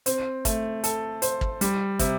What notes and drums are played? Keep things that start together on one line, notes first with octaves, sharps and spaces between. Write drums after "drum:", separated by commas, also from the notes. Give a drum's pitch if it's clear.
C4, drum: hi-hat
A3, drum: kick, hi-hat
A4, drum: hi-hat
C5, drum: hi-hat
drum: kick
G3, drum: hi-hat
C3, drum: kick, hi-hat